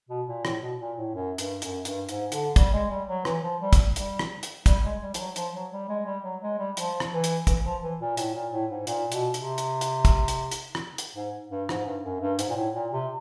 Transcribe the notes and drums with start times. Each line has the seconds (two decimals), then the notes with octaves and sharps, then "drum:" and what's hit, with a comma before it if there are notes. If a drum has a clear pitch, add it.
0.09 B2
0.28 A#2
0.45 A2, drum: rim click
0.62 B2
0.80 A#2
0.97 A2
1.15 F#2
1.38 G2, drum: hi-hat
1.62 F#2, drum: hi-hat
1.85 G2, drum: hi-hat
2.09 G#2, drum: hi-hat
2.32 D3, drum: hi-hat
2.56 G3, drum: kick, hi-hat
2.73 G#3
2.90 G3
3.08 F#3
3.25 E3, drum: rim click
3.43 F3
3.61 G3
3.73 drum: kick, hi-hat
3.96 G3, drum: hi-hat
4.19 drum: rim click
4.43 drum: hi-hat
4.66 G3, drum: kick, hi-hat
4.84 G#3
5.02 G3
5.14 F3, drum: hi-hat
5.18 F#3
5.36 F3, drum: hi-hat
5.55 F#3
5.72 G3
5.89 G#3
6.06 G3
6.24 F#3
6.42 G#3
6.59 G3
6.77 F3, drum: hi-hat
7.00 drum: rim click
7.12 E3
7.24 drum: hi-hat
7.47 E3, drum: kick, hi-hat
7.65 F3
7.83 E3
8.00 A#2
8.17 A2, drum: hi-hat
8.35 A#2
8.52 A2
8.71 G#2
8.87 A#2, drum: hi-hat
9.12 B2, drum: hi-hat
9.34 C3, drum: hi-hat
9.58 drum: hi-hat
9.81 drum: hi-hat
10.05 drum: kick, hi-hat
10.28 drum: hi-hat
10.52 drum: hi-hat
10.75 drum: rim click
10.98 drum: hi-hat
11.16 G#2
11.51 G2
11.69 G#2, drum: rim click
11.86 G2
12.04 F#2
12.21 G2
12.39 G#2, drum: hi-hat
12.49 A#2
12.56 A2
12.74 A#2
12.92 C3